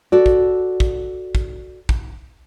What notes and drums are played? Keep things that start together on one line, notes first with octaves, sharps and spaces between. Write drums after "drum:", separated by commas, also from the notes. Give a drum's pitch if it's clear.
F#4 A4 D5
drum: kick
drum: kick
drum: kick
drum: kick